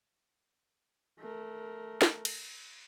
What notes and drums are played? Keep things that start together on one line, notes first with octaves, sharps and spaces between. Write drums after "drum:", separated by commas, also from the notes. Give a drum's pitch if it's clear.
A3 A#4
drum: snare
drum: cymbal